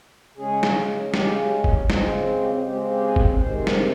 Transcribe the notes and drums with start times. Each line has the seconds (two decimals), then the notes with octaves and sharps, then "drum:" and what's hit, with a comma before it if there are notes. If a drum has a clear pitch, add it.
0.37 C#3 G#3 C#4 G#4
0.63 drum: snare
1.10 G#4
1.14 C#3 G#3 C#4 G4, drum: snare
1.64 drum: kick G1
1.90 C#3 G#3 C4 F4, drum: snare
2.08 C#4
2.41 G4
2.46 F4
2.65 C#3 G#3 C4 G4
2.92 G4
3.03 G#4
3.16 drum: kick G1
3.41 C3 D#3 G#3 C4 C5
3.67 drum: snare